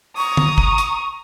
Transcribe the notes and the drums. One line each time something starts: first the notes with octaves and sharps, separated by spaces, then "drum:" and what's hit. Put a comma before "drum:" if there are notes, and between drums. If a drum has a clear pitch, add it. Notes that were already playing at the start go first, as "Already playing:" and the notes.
A#5 C#6 D#6
drum: tom
drum: kick
drum: hi-hat